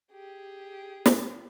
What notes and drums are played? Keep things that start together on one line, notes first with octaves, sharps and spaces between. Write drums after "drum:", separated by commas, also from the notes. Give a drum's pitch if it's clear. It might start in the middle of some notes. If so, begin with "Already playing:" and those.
G4 G#4
drum: snare